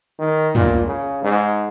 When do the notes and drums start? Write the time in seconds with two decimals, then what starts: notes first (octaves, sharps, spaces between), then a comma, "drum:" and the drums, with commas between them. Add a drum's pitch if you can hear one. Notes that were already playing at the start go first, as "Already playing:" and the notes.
0.19 D#3
0.55 A#2, drum: tom
0.87 C#3
1.22 G#2